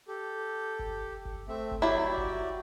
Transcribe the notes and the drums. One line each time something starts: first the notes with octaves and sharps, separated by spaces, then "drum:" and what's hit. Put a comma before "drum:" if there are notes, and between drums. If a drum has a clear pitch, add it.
G4 A4
drum: kick F#1
drum: kick F#1
A3 C4 E5
drum: kick F#1
F#3 E4 F#4 G4 D5
drum: kick F#1